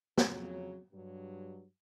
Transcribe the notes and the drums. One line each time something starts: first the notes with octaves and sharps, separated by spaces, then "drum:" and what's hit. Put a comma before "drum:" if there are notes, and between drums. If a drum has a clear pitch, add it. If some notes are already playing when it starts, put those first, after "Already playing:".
F2 C#3 F#3, drum: snare
G2 F#3